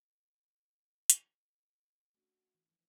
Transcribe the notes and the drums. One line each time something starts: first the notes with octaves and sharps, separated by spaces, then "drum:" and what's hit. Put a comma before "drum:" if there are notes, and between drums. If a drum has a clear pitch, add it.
drum: hi-hat
A3 C#4 D4 F#4
E3
F3